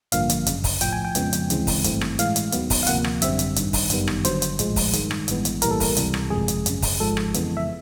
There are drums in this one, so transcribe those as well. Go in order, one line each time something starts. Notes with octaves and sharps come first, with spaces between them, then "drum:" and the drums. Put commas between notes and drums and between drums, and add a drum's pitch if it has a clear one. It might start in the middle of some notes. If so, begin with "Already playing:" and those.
A1 G2 D3 F3 A#3 F5, drum: hi-hat
drum: hi-hat
G1 F#2 C#3, drum: hi-hat
drum: kick, open hi-hat
B1 A2 F3 G5, drum: hi-hat
G#5
G5
F2 C#3 F3 G#3 B3, drum: hi-hat
drum: hi-hat
D2 C#3 E3 G#3 C4, drum: hi-hat
drum: kick, open hi-hat
G#1 G2 E3 A3 C4, drum: hi-hat
drum: rim click
A2 E3 G#3 F5, drum: hi-hat
drum: hi-hat
D#2 D#3 F#3 B3, drum: hi-hat
drum: kick, open hi-hat
F5
D2 C3 F3 A#3 F#5, drum: hi-hat
drum: rim click
G#1 F#2 D3 G3 C4 E5, drum: hi-hat
drum: hi-hat
A1 G2 D#3, drum: hi-hat
drum: kick, open hi-hat
G1 F#2 D#3 G3 B3, drum: hi-hat
drum: rim click
G1 G2 D3 F#3 C5, drum: hi-hat
drum: hi-hat
A#1 A2 F3 G#3, drum: hi-hat
drum: kick, open hi-hat
G2 D#3 G#3, drum: hi-hat
drum: rim click
A1 G2 E3 G#3 B3, drum: hi-hat
drum: hi-hat
B1 A2 E3 G3 A#3 A#4, drum: hi-hat
A4
A#4, drum: kick, open hi-hat
C#2 C3 E3 G3, drum: hi-hat
drum: rim click
G1 F2 C3 F3 G#3 G#4
drum: hi-hat
G#1 F#2 C#3, drum: hi-hat
drum: kick, open hi-hat
G#1 G#2 F3 G#3 A4
drum: rim click
F2 C#3 E3 G#3 B3, drum: hi-hat
E5